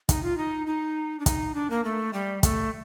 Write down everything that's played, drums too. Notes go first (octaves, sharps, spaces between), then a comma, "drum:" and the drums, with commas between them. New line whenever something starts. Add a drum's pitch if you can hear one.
D#4, drum: kick, hi-hat
F4
D#4
D#4
D4
D#4, drum: kick, hi-hat
D4
A#3
A3
G3
A3, drum: kick, hi-hat